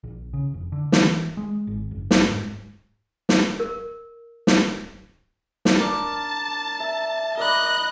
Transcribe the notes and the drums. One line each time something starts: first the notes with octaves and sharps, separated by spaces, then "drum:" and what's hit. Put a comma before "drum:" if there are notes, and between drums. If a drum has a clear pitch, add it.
A#1
C#3
F1
D3
E3, drum: snare
G#3
G#1
F#1
drum: snare
G#2
drum: snare
A#4
drum: snare
drum: snare
D4 A#4 A5 D6
E5
A#4 D5 D#5 B5 F#6